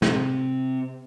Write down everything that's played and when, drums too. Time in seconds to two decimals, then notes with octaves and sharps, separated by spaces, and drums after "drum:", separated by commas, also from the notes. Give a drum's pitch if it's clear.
0.02 C3, drum: snare